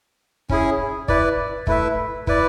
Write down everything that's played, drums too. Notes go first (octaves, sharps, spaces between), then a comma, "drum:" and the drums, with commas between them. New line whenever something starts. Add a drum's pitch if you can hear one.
C#4 E4 G#4, drum: kick
E4 B4 D5, drum: kick
A3 E4 B4 E5, drum: kick
E4 B4 D5, drum: kick